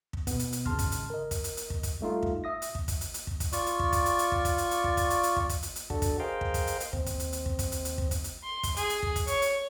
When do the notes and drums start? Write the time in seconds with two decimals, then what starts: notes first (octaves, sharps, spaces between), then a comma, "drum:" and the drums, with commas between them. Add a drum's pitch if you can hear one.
0.13 drum: kick
0.27 B2 B3, drum: kick, hi-hat
0.39 drum: hi-hat
0.52 drum: hi-hat
0.66 G#1 C#3 A5 C6 F6, drum: kick
0.79 drum: kick, hi-hat
0.92 drum: hi-hat
1.10 A#4 D#5
1.31 drum: kick, hi-hat
1.44 drum: hi-hat
1.57 drum: hi-hat
1.70 drum: kick
1.83 drum: kick, hi-hat
2.01 G3 A3 D#4 F4
2.22 drum: kick
2.44 E5 D#6 A#6
2.62 drum: hi-hat
2.75 drum: kick
2.88 drum: kick, hi-hat
3.01 drum: hi-hat
3.14 drum: hi-hat
3.27 drum: kick
3.40 drum: kick, hi-hat
3.52 F4 D5 C#6, drum: hi-hat
3.66 drum: hi-hat
3.79 drum: kick
3.93 drum: kick, hi-hat
4.06 drum: hi-hat
4.19 drum: hi-hat
4.32 drum: kick
4.45 drum: kick, hi-hat
4.58 drum: hi-hat
4.71 drum: hi-hat
4.84 drum: kick
4.97 drum: kick, hi-hat
5.10 drum: hi-hat
5.23 drum: hi-hat
5.36 drum: kick
5.49 drum: kick, hi-hat
5.63 drum: hi-hat
5.76 drum: hi-hat
5.90 D4 F#4 A4, drum: kick
6.02 drum: kick, hi-hat
6.20 G#4 A#4 C5 D#5 F5 G5
6.41 drum: kick
6.54 drum: kick, hi-hat
6.67 drum: hi-hat
6.80 drum: hi-hat
6.93 D#2 C4, drum: kick
7.06 drum: kick, hi-hat
7.19 drum: hi-hat
7.33 drum: hi-hat
7.46 drum: kick
7.59 drum: kick, hi-hat
7.72 drum: hi-hat
7.85 drum: hi-hat
7.98 drum: kick
8.11 drum: kick, hi-hat
8.24 drum: hi-hat
8.44 C6
8.63 drum: kick, hi-hat
8.77 G#4, drum: hi-hat
8.90 drum: hi-hat
9.03 drum: kick
9.16 drum: kick, hi-hat
9.27 C#5, drum: hi-hat
9.42 drum: hi-hat